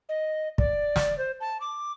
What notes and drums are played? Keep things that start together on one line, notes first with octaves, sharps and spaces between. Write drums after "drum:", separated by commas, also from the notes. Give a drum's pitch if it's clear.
D#5
D5, drum: kick
drum: snare
C5
A5
D6